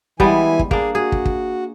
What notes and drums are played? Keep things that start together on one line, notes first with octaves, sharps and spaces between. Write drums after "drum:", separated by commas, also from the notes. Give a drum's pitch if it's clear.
E3 G3 G#3 B3 G#5, drum: kick
drum: kick
A#3 D4 G#4, drum: kick
F#4 G#4
drum: kick
drum: kick